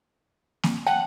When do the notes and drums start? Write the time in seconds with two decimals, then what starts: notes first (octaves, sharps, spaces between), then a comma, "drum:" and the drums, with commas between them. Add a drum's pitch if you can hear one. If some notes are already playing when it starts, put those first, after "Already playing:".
0.63 drum: snare A#3
0.87 F#5 G5 A5